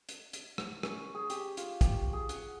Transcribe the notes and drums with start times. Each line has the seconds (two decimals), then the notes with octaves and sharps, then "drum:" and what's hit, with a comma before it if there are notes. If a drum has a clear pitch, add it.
0.09 drum: hi-hat
0.33 drum: hi-hat
0.58 drum: rim click
0.83 C#4, drum: rim click
1.15 G#4
1.30 G4, drum: hi-hat
1.57 F4, drum: hi-hat
1.81 G4, drum: kick, hi-hat
2.13 G#4
2.29 F#5, drum: hi-hat